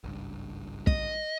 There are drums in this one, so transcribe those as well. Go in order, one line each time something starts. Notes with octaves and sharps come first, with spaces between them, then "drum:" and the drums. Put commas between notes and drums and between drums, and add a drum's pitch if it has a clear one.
G#1 C#2 G2
D#5, drum: kick